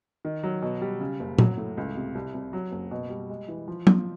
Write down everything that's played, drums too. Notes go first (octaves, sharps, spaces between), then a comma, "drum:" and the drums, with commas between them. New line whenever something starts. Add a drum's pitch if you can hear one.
D#3
F#3
B2
G3
C#3
F#1
F#3, drum: tom A#2
A2
C#2
C3
C2
C2
F#3
F#1
B2
G3
G#3
E3
F3
F3, drum: tom F#3